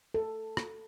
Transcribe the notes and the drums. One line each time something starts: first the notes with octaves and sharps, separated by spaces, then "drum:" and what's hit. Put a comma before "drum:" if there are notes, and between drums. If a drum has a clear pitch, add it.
A4
drum: rim click